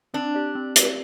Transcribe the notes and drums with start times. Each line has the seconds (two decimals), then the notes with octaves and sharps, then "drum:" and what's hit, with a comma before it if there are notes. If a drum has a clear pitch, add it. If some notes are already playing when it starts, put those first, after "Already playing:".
0.14 C4 D4
0.35 G4 D5
0.55 C4
0.76 G4 D5, drum: hi-hat